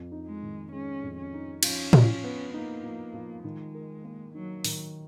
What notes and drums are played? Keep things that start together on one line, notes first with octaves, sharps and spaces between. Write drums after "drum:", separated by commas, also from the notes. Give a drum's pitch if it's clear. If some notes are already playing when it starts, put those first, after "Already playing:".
Already playing: F2
D#4
G#3
D#3
G#3 C#4
F2
C#4
D#4
F3 C#4, drum: cymbal
F3, drum: tom A2
B3
A#3 D#4
F3
F3
D#3 G#3
A#4
A#3
F#3 D#4
D#3, drum: open hi-hat